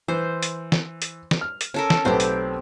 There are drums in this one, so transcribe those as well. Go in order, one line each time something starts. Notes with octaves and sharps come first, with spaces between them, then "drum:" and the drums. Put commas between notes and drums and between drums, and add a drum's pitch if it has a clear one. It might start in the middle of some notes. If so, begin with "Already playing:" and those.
E3 C5
drum: hi-hat
drum: snare
drum: hi-hat
drum: snare
F6
drum: hi-hat
C#4 A4 A#4
drum: snare
B1 A3 C4 G4 B4
drum: hi-hat